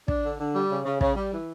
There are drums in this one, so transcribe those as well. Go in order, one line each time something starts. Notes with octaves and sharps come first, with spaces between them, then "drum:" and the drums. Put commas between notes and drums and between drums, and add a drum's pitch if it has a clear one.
D4, drum: kick
D3
D3
G3
C#3
C#3
C#3, drum: kick
G3
E3